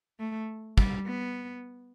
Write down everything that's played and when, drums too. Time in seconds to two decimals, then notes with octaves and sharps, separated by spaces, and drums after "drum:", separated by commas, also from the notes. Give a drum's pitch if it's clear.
0.19 A3
0.78 G3, drum: kick
1.06 B3